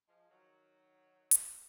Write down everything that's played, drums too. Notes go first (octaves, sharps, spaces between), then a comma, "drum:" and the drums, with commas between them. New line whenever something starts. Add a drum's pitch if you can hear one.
F3 G#3
D#3 F#3
drum: hi-hat